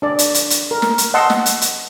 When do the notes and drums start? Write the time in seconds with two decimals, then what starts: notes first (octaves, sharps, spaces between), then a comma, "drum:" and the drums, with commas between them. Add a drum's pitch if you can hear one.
0.02 D4 D5
0.19 drum: hi-hat
0.34 drum: hi-hat
0.50 drum: hi-hat
0.71 A#4
0.82 drum: snare
0.98 drum: hi-hat
1.14 D#5 F#5 A5 C6 E6
1.30 drum: snare
1.46 drum: hi-hat
1.62 drum: hi-hat